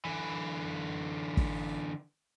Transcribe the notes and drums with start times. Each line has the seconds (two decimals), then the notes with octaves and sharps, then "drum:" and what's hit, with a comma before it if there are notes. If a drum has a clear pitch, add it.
0.05 D3 E3
1.37 drum: kick